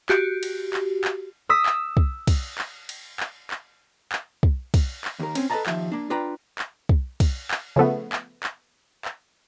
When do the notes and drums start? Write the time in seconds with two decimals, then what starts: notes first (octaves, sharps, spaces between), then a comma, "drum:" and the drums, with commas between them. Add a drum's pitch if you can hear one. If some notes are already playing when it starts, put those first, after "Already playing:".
0.09 F#4 G4, drum: clap
0.43 drum: cymbal
0.73 drum: clap
1.04 drum: clap
1.49 D#6 E6 B6
1.66 drum: clap
1.97 drum: kick
2.27 drum: kick, cymbal
2.58 drum: clap
2.89 drum: cymbal
3.20 drum: clap
3.51 drum: clap
4.12 drum: clap
4.43 drum: kick
4.74 drum: kick, cymbal
5.05 drum: clap
5.19 D#2 A#4
5.35 C4 C#4, drum: cymbal
5.50 A4 B4 D5 D#5 A5 A#5
5.66 D#2 F3 E5, drum: clap
5.92 A#3 D4
6.10 D4 F4 B4 G5 A#5
6.59 drum: clap
6.89 drum: kick
7.20 drum: kick, cymbal
7.51 drum: clap
7.76 C#3 F3 A3 B3
8.13 drum: clap
8.43 drum: clap
9.05 drum: clap